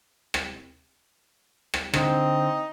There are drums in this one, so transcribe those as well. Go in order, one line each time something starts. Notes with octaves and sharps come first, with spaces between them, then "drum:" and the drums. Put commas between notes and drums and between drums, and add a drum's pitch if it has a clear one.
drum: rim click
drum: rim click
D3 C4 D#4, drum: rim click